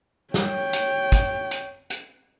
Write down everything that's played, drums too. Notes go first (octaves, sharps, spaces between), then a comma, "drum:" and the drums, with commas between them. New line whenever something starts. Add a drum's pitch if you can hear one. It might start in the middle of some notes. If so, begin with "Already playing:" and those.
C#5 G5, drum: snare
drum: hi-hat
drum: kick, hi-hat
drum: hi-hat
drum: hi-hat